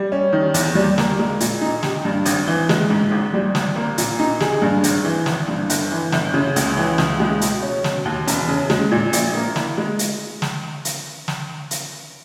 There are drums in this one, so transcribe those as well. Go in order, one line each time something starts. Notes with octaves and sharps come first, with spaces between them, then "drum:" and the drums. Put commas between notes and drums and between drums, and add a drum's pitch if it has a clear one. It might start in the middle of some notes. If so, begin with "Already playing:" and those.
Already playing: G3
C#4
D#3
E2, drum: hi-hat
G3
A#3, drum: snare
G#3
A#2, drum: hi-hat
D#4
G4, drum: snare
G2
G#1, drum: hi-hat
E3
G#3, drum: snare
G#2
G#1
G3
G#1, drum: snare
A#3
A#2, drum: hi-hat
D#4
G#4, drum: snare
G2
G#1, drum: hi-hat
E3
G#1, drum: snare
G2
G1, drum: hi-hat
E3
G1, drum: snare
C#3
C#2, drum: hi-hat
E3
C#2, drum: snare
G#3
B2, drum: hi-hat
C#4
B2, drum: snare
D#2
E1, drum: hi-hat
C#3
G#3, drum: snare
A#2
A#1, drum: hi-hat
A#3
E4, drum: snare
G#3
drum: hi-hat
drum: snare
drum: hi-hat
drum: snare
drum: hi-hat